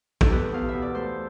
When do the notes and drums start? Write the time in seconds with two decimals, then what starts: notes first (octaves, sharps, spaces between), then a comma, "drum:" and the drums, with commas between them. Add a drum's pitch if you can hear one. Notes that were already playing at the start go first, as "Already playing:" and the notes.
0.21 A4, drum: kick
0.28 E2 G4 B4
0.52 E2 F5
0.69 E5
0.74 B2
0.82 D5
0.95 A3 A4 C5